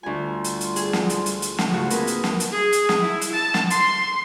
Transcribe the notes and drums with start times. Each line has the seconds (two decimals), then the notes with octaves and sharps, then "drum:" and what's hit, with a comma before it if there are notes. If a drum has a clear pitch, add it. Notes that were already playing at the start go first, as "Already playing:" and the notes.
0.03 D2 G3 F4 G#5
0.44 drum: hi-hat
0.61 drum: hi-hat
0.76 G#4, drum: hi-hat
0.93 drum: snare
1.10 drum: hi-hat
1.26 drum: hi-hat
1.42 drum: hi-hat
1.58 drum: snare
1.69 G#2 C#3 A3 F4 F#4
1.90 A#3 C4 G#4 A#4 B4, drum: hi-hat
2.07 drum: hi-hat
2.24 drum: snare
2.40 drum: hi-hat
2.52 G#4
2.73 drum: hi-hat
2.89 drum: snare
3.01 E4
3.21 drum: hi-hat
3.32 A5
3.54 drum: snare
3.70 C6, drum: hi-hat